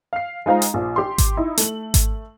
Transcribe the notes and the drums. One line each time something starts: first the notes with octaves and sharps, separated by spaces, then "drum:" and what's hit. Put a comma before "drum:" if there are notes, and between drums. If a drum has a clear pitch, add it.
F5 C7
G#3 D#4 F4 C5 F5 A#5
drum: hi-hat
A#1 F3
G4 C6
drum: kick G#1, hi-hat
D#4 E4
A3 F#7, drum: hi-hat
drum: kick G#1, hi-hat